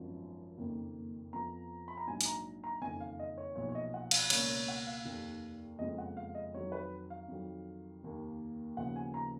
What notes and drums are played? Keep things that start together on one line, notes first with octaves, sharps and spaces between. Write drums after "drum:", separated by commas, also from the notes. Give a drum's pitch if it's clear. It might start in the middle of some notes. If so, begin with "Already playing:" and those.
Already playing: G#1 F#2 F3 B3
F#1 F2 D#3 A#3
F2 F3 B3 A#5
B5
A#5
A#1 G#2 F#3 G#5
G#5, drum: hi-hat
A#5
A#5
F#1 F2 D#3 G#5
F5
D#5
C#5
B1 A#2 F3 C#5
C#5
D#5
F#5
F5, drum: cymbal
C#2 B2 A#3 C#5, drum: cymbal
C#5
F#5
F5
F1 D#2 D#3
F#1 F2 F3 G#3 B3 D#5
F#5
F5
D#5
F2 D#3 F#3 C#5
B4
F5
F2 D#3 F#3
F1 D#2 D#3 A#3
D#2 C#3 F3 B3 F#5
G#5
A#5